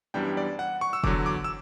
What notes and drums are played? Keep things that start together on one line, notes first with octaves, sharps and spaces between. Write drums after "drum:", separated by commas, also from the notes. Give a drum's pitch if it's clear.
F#2 E3 G3 B3 D4 G5
D5
F#5
C#6
E6
E2 D3 F#3 D6, drum: kick F1
D6
E6